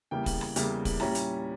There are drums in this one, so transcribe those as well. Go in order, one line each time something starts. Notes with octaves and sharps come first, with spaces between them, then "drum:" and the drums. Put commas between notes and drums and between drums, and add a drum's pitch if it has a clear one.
E2 C#3 E3 G3 A#3 G5
drum: kick, open hi-hat
drum: rim click
E2 C#3 E3 G3 A#3, drum: hi-hat
drum: kick, open hi-hat
A#2 G3 C#4 E4 A#5, drum: rim click
drum: hi-hat